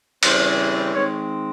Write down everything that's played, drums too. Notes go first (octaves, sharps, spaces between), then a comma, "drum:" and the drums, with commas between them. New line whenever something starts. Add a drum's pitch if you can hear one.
C#3 E3 G3 C4 C5, drum: cymbal
D#3 G#3 C4 C#5